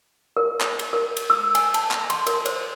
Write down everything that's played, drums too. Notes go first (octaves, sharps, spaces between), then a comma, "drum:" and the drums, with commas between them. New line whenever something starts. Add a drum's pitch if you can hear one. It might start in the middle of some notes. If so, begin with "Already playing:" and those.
A#4
drum: clap
drum: cymbal
A#4
drum: cymbal
E6
G#5, drum: cymbal
A5, drum: cymbal
drum: clap
C6, drum: cymbal
A#4, drum: cymbal
C5, drum: cymbal